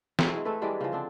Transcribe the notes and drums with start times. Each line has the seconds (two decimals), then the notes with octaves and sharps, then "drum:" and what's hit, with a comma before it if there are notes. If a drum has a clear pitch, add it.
0.19 F#3 E4 G#4 A4, drum: snare
0.33 E3 G#3
0.45 A3 C4 A4 B4
0.62 E3 G3 G#3 D4
0.81 C#3 F3
0.92 D3 C4 D4